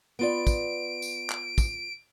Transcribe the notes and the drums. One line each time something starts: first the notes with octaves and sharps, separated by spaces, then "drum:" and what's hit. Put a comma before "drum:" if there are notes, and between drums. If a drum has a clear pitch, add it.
B3 F4 D5 D7
drum: kick, tambourine
drum: tambourine
drum: clap
drum: kick, tambourine